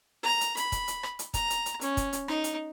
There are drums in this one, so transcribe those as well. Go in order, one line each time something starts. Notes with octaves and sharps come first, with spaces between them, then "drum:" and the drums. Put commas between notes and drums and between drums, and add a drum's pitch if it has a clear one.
A#5
drum: hi-hat
B5, drum: hi-hat
drum: kick, hi-hat
drum: hi-hat
drum: rim click
drum: hi-hat
A#5, drum: kick, hi-hat
drum: hi-hat
drum: hi-hat
C#4, drum: hi-hat
drum: kick, hi-hat
drum: hi-hat
D#4, drum: rim click
drum: hi-hat